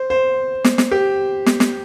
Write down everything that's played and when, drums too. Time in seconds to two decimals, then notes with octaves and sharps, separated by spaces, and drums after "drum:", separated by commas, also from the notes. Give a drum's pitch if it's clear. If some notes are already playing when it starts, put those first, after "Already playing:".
Already playing: C5
0.10 C5
0.64 drum: snare
0.78 drum: snare
0.92 G4
1.46 drum: snare
1.60 drum: snare